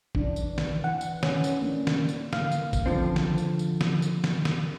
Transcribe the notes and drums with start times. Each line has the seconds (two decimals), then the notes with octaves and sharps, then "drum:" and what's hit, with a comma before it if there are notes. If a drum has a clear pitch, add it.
0.15 E3 D4, drum: kick
0.36 drum: tambourine
0.58 drum: snare
0.84 E3 F#5
1.01 drum: tambourine
1.23 C#4, drum: snare
1.44 drum: tambourine
1.62 A#3 D4
1.87 drum: snare
2.08 drum: tambourine
2.33 D3 E3 A#3 F5, drum: snare
2.52 drum: tambourine
2.73 drum: kick, tambourine
2.86 D3 F3 C4
3.16 drum: snare
3.38 drum: tambourine
3.59 drum: tambourine
3.81 drum: snare
4.02 drum: tambourine
4.24 drum: snare
4.45 drum: snare